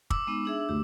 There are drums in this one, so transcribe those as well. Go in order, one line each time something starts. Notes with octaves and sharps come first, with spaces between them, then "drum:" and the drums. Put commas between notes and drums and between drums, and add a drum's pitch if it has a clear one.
D6 E6, drum: kick
G#3 B3 D#4
D4 G#4 E5
D2 G4